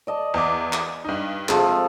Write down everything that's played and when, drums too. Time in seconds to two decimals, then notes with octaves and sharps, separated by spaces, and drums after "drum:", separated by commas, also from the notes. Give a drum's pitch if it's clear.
0.07 D5 D#5 A5
0.34 E2 D6
0.73 drum: clap
1.05 G2 D#4
1.49 C3 F3 G#3 A4, drum: clap